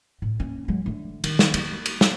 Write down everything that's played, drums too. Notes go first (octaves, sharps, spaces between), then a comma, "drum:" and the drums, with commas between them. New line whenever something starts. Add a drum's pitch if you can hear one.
A2
A#3 C#4
F#3 G#3
D3 A3
D#3, drum: cymbal
drum: snare
A#3, drum: cymbal
drum: cymbal
drum: snare